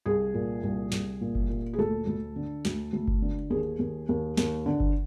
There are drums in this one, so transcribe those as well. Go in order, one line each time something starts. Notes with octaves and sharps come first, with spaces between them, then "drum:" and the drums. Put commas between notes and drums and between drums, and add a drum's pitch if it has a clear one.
C2 G#4
A#2
C2
C2, drum: snare
A#2
drum: kick F#1
A#2
G#4
D2 A4
D2
D3
D2, drum: snare
D2
drum: kick F#1
D3
D#2 G#4
D#2
D#2
D#2, drum: snare
D3
drum: kick F#1